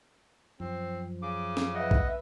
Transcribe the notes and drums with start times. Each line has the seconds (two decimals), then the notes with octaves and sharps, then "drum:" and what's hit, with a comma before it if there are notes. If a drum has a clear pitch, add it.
0.60 F#2 F3 C4
1.23 C#3 D6
1.57 drum: snare
1.75 B4 D#5 E5 F#5
1.91 drum: kick B1